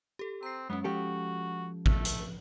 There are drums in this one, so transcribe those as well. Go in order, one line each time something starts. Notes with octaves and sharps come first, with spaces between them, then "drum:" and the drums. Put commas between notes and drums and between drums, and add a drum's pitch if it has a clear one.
G4 A4
C4 A#5 C7
F#2 G#3 B3 C#4
F3 F#4 G4 A4
A3, drum: kick A1
drum: hi-hat